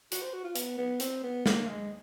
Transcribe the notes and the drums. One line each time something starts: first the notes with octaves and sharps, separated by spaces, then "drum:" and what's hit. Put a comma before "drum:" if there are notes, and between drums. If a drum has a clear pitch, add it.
F#4, drum: hi-hat
C5
F#4
F4
B3, drum: hi-hat
B3
C4, drum: hi-hat
B3
A#3, drum: snare
G#3